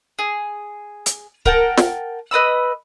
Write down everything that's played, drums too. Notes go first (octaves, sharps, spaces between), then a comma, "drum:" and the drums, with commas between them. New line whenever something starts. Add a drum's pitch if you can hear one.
G#4
drum: hi-hat
A#4 F#5 G5 A5, drum: kick C#1
drum: snare
B4 D#5 B5 E6